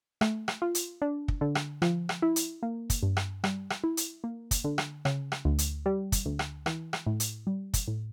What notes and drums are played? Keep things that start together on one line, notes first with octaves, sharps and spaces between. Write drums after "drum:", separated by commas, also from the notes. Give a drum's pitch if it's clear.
A3, drum: rim click
drum: rim click
F4
drum: hi-hat
D4
drum: kick
D3
drum: rim click
F3, drum: rim click
drum: rim click
E4
drum: hi-hat
A#3
drum: kick, hi-hat
G2
drum: rim click
G3, drum: rim click
drum: rim click
E4
drum: hi-hat
A#3
drum: kick, hi-hat
D3
drum: rim click
C#3, drum: rim click
drum: rim click
D2
drum: hi-hat
G3
drum: kick, hi-hat
D2
drum: rim click
E3, drum: rim click
drum: rim click
A2
drum: hi-hat
G3
drum: kick, hi-hat
A2